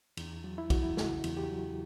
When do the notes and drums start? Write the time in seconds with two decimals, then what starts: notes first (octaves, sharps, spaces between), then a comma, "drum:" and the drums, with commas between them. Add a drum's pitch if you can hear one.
0.17 E2, drum: cymbal
0.44 F#3
0.58 E4
0.70 E2 F#4, drum: kick, cymbal
0.83 E4
0.97 C#3 F#4, drum: snare
1.24 E2, drum: cymbal
1.37 G4
1.51 F#3